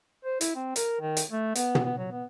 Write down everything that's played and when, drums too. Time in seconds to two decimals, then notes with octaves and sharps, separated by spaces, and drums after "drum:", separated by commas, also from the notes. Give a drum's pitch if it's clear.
0.25 C5
0.41 E4, drum: hi-hat
0.55 C4
0.76 A#4, drum: hi-hat
1.01 D#3
1.17 drum: hi-hat
1.30 A3
1.55 B3, drum: hi-hat
1.75 drum: tom
1.85 B3
1.98 F#3
2.12 B3